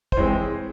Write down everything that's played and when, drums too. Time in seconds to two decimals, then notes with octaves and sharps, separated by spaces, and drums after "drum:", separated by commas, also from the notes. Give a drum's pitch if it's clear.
0.12 C5, drum: kick
0.17 E3 G#3 C4 C#5